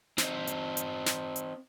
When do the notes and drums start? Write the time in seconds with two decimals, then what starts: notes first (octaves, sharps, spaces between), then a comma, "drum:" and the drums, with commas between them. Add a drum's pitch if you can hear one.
0.18 C4 D#4, drum: snare
0.47 drum: hi-hat
0.77 drum: hi-hat
1.06 drum: snare
1.36 drum: hi-hat